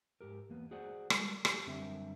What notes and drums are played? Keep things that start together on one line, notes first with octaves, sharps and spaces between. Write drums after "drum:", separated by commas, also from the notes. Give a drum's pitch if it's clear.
G#2 G4 A#4
E2 A#3 B3
F#4 G#4 C5 D5 F#5
G3 G#3 A#4, drum: rim click
G4, drum: rim click
F#2 D3 G3 C4 A#4 E5